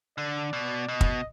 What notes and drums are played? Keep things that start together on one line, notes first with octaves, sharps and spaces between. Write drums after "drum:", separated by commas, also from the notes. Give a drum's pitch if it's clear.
D3 D5
B2
B2 D#5
drum: kick